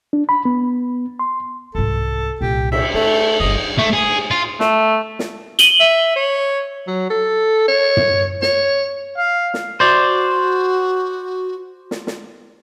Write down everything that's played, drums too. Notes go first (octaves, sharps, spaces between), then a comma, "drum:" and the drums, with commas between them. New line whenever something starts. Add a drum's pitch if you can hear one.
D4
B5
B3
C6
C2 G#2 A4
C2 A#2 G4
E5, drum: cymbal
A3 C#4
G1 G2 D#5
A3
G#4
F4
A3, drum: snare
drum: snare
D#7 F#7 G7, drum: hi-hat
E5
C#5
F#3
A4
C#5
drum: tom
C#5, drum: snare
F5
drum: snare
F#4 C5 D5
drum: snare
drum: snare